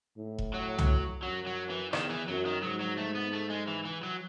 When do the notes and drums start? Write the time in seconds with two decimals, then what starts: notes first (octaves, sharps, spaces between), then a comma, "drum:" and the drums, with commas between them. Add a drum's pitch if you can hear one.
0.18 A2
0.38 drum: kick E1
0.54 F#3
0.79 drum: tom C2
1.23 F#2 F#3
1.47 F#3
1.70 E3
1.93 E2 D#3, drum: rim click
2.10 E3
2.28 F#2 F#3
2.46 D#3
2.63 G#2 F#3
2.80 F#3
2.97 A3
3.15 B3
3.33 A3
3.50 G#3
3.68 E3
3.85 E3
4.03 F#3